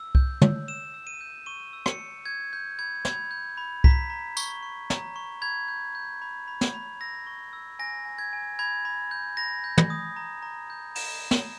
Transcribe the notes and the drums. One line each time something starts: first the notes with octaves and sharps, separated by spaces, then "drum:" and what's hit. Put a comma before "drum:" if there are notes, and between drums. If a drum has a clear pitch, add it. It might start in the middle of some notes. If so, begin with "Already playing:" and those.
Already playing: E6
G6, drum: kick C2
E6, drum: tom
E6 E7
E6
D#7
G6
C#6 D#7
E6
C#7, drum: rim click
E6
G6 G#6
G6
B5 G#6
B5 G#6, drum: snare
G6
B5
A#5 B6, drum: kick C2
A#5
C#6, drum: tambourine
C#6
A#5, drum: snare
C#6
B5 G#6
G6
G6
B5
B5
drum: snare
B5
E6 A#6
C#6
E6
G#5 A#6
G#5
G#6
G#5
B5 G#6
B5
G6
B5 A#6
G6
drum: tom
D#6
A#5
A#5
G6
A#5 E7, drum: open hi-hat
A#5
drum: snare